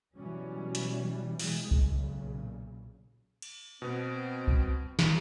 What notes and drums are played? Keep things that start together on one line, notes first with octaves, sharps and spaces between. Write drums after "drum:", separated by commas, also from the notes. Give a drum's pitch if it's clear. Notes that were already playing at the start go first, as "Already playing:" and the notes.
B2 E3 F#3 G3 C#4
drum: hi-hat
B2 E3 G#3, drum: open hi-hat
B1 A#2 C#3, drum: kick C2
drum: cymbal
B2 B3 C4
drum: kick C2
drum: snare